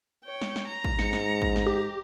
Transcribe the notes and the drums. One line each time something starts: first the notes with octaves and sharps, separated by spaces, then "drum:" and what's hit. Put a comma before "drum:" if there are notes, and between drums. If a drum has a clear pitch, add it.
C#5 G5
drum: snare
drum: snare
A#5
drum: kick
G#2 C#7, drum: snare
drum: snare
drum: kick
drum: snare
G4